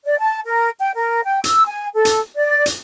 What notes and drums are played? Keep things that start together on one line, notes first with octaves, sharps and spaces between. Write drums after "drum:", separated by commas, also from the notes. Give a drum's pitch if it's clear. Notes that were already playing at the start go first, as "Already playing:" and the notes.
D5
A5
A#4
G5
A#4
G5
E6, drum: hi-hat
G#5
A4
drum: hi-hat
D5
drum: hi-hat